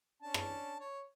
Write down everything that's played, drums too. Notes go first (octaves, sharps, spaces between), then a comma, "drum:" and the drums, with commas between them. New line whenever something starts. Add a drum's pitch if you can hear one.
C#4 D4 A5
drum: rim click
C#5